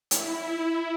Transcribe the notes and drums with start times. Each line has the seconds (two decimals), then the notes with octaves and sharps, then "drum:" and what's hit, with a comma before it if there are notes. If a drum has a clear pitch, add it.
0.11 E4, drum: hi-hat